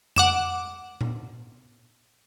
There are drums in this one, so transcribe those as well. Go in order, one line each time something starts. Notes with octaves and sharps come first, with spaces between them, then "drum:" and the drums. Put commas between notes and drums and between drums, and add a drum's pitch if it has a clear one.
F#5 D6 E7, drum: tom F2
drum: tom A#2